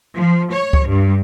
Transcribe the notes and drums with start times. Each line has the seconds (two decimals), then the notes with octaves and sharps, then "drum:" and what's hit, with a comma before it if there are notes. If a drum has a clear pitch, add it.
0.16 F3
0.52 C#5
0.73 drum: kick C#2
0.87 G2